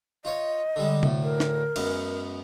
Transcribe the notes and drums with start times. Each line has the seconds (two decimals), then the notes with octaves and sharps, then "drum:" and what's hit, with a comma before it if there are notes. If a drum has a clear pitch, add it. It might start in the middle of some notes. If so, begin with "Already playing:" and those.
0.25 F4 C#5 D#5
0.76 D3 G3 G#3
1.03 D2 A2, drum: tom C3
1.23 A#4
1.40 drum: snare
1.76 F#2 G#3 B3, drum: cymbal